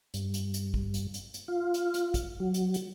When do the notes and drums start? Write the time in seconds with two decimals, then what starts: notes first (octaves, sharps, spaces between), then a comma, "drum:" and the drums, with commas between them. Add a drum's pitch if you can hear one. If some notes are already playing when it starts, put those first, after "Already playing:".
0.14 G2, drum: hi-hat
0.34 drum: hi-hat
0.54 drum: hi-hat
0.74 drum: kick
0.94 drum: hi-hat
1.14 drum: hi-hat
1.34 drum: hi-hat
1.48 F4
1.74 drum: hi-hat
1.94 drum: hi-hat
2.14 drum: kick, hi-hat
2.40 F#3
2.54 drum: hi-hat
2.74 drum: hi-hat